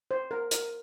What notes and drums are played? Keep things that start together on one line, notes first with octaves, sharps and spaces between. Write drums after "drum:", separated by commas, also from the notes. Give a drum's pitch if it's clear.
C5
A#4
A#4, drum: hi-hat